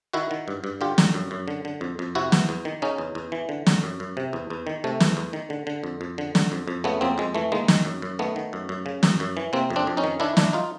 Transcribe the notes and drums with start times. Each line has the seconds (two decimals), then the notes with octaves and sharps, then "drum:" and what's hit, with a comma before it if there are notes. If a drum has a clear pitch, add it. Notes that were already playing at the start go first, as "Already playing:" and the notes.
0.13 D#3 E4 F#4
0.31 D#3
0.48 G2
0.64 G2
0.81 D3 F4 G4
0.98 D3, drum: snare
1.14 F#2
1.31 F#2
1.48 D3
1.65 D3
1.81 F2
1.99 F2
2.15 C3 E4 F#4
2.32 E2, drum: snare
2.49 E2
2.65 D#3
2.82 C#3 C#4 D#4
2.98 E2
3.15 E2
3.32 E3
3.49 D3
3.67 D3, drum: snare
3.83 F#2
4.00 F#2
4.17 C3
4.33 E2
4.50 E2
4.67 D#3
4.84 C3 A3
5.00 E2, drum: snare
5.17 E2
5.33 D#3
5.50 D3
5.67 D3
5.84 F2
6.01 F2
6.18 D3
6.35 D3, drum: snare
6.52 F2
6.68 F2
6.84 C#3 A3 B3
7.01 F2 A#3 C4
7.18 F2 G#3
7.35 E3 A3
7.52 D#3 G#3 A#3
7.68 D#3, drum: snare
7.85 F#2
8.02 F#2
8.19 D#3 A3 B3
8.36 D#3
8.53 F#2
8.69 F#2
8.86 C#3
9.03 F#2, drum: snare
9.20 F#2
9.37 E3
9.53 C3 A#3 C4
9.70 F2
9.76 C4 D4
9.87 F2
9.97 C#4 D#4
10.04 D#3
10.20 D#3 D4 E4
10.37 D#3 D4 E4, drum: snare
10.53 D#4 F4